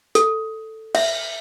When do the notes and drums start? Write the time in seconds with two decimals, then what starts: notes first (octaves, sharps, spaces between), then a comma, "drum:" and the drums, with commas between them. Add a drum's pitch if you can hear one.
0.15 A4, drum: hi-hat
0.95 E5, drum: cymbal